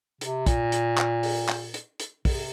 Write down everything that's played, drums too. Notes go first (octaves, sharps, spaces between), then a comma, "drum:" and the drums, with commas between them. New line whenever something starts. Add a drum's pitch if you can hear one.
C3, drum: hi-hat
A#2, drum: kick, hi-hat
drum: hi-hat
drum: clap
drum: open hi-hat
drum: clap
drum: hi-hat
drum: hi-hat
C3, drum: kick, open hi-hat